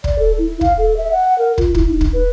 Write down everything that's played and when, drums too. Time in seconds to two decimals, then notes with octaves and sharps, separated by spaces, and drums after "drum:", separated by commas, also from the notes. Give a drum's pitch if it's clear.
0.04 D5, drum: kick
0.19 A4
0.38 E4
0.61 F5, drum: kick
0.78 A4
0.97 E5
1.12 F#5
1.38 A#4
1.58 F4, drum: kick
1.75 E4, drum: kick
1.89 D#4
2.01 drum: kick
2.13 B4